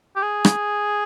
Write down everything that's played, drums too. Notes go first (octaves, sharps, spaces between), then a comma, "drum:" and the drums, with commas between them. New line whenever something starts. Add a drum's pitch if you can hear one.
G4
G#4
drum: rim click